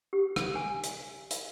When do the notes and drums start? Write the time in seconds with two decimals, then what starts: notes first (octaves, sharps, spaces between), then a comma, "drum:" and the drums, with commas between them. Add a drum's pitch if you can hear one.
0.13 G4
0.36 drum: rim click
0.55 G#5
0.83 drum: hi-hat
1.31 drum: hi-hat